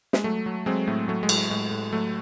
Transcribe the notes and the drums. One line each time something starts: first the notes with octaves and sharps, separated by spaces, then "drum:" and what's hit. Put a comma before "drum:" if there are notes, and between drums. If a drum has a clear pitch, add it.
G#3, drum: snare
F#3 A3
F#3
F#3 G#3 C4
A2 A3
F#3 A3
G#3
A2, drum: cymbal
A2 G#3
A2
F#3 A3